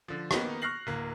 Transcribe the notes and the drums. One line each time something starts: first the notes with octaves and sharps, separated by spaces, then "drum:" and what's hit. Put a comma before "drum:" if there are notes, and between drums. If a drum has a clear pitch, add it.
D3 F3
D#3 A#3 B3 D#4, drum: rim click
C#6 F6 F#6 A#6 C7 F#7
D1 A#3